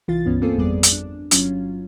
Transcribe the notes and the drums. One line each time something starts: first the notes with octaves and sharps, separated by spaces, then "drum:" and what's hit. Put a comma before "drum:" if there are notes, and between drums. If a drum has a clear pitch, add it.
C2 E3 F4 A6
C#2 G2 B2 B3 C#4
A#3 C4 F4 G#4 A4
G#1 F2 G3 B3 G#4 D5
drum: hi-hat
D4
G1 F#3 C#4 F4, drum: hi-hat